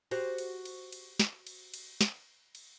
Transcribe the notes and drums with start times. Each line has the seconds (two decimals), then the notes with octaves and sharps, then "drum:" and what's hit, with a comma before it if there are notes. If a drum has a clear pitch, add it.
0.11 F#4 G4 C5, drum: cymbal
0.38 drum: cymbal
0.65 drum: cymbal
0.92 drum: cymbal
1.20 drum: snare
1.47 drum: cymbal
1.74 drum: cymbal
2.01 drum: snare
2.55 drum: cymbal